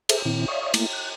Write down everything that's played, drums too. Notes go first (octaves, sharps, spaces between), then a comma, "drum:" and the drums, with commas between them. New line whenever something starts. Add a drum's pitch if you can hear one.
G#4 A4 C5 E5, drum: cymbal
A#2 D#3 C4 E4
C#5 D5 E5 F5 C#6 D#6
A3 A#3 E4, drum: cymbal
F#6